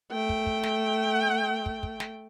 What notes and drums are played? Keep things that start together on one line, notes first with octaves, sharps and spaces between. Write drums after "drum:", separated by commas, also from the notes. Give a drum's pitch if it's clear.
A3 G5
drum: kick
drum: kick
drum: snare
drum: kick
drum: kick
drum: snare